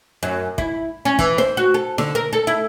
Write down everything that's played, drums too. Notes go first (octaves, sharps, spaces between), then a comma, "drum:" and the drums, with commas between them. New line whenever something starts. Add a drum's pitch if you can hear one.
F#2
E4, drum: kick
C#4
E3, drum: kick
C5, drum: snare D#4
F#4
A4
D3, drum: snare D#4
A#4
A4
E4